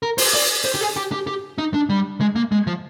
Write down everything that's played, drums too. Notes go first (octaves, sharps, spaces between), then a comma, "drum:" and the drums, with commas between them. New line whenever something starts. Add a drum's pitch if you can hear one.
A#4
C5, drum: open hi-hat
D5
C5
G4
G#4
G4
G4
G4
D#4
D4
G3
G#3
A#3
G#3
F3